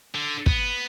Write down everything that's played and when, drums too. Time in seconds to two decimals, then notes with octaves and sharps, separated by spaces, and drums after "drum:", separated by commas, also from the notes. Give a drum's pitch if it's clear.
0.14 D3
0.46 B3, drum: kick